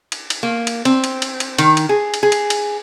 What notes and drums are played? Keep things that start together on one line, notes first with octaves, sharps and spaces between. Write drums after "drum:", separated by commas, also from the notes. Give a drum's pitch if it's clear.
drum: cymbal
drum: cymbal
A#3
drum: cymbal
C4, drum: cymbal
drum: cymbal
drum: cymbal
drum: cymbal
D#3, drum: cymbal
drum: cymbal
G#4
drum: cymbal
G#4
drum: cymbal
drum: cymbal